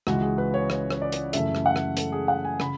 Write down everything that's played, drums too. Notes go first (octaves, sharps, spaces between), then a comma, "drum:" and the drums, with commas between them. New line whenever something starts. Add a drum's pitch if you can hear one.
C#2 C#3 E3 G#3 F#4, drum: rim click
G#4
B4
C#5
C#5, drum: rim click
C#5, drum: rim click
D5
drum: hi-hat
F#2 C#3 E3 A3 E5, drum: hi-hat
drum: rim click
F#5
drum: rim click
A4, drum: hi-hat
G#4
F#5
G#5
C#3 B5, drum: rim click